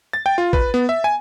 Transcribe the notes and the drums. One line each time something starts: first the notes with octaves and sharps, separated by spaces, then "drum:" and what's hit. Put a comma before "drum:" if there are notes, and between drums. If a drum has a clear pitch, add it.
A6
G5
F4
B4, drum: kick
B3
E5
G#5